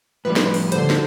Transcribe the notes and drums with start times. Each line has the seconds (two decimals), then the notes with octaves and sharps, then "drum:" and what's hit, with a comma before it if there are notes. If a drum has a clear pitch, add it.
0.25 A2 F3 G3 B4
0.36 drum: snare
0.54 drum: open hi-hat
0.72 D3 C5, drum: hi-hat
0.90 drum: snare